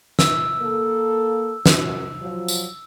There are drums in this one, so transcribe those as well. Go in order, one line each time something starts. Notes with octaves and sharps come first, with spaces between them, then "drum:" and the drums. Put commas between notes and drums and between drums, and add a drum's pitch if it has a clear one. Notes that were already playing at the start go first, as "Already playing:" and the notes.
E6, drum: snare
A#3 A4
F#2, drum: snare
F3 F#3
drum: tambourine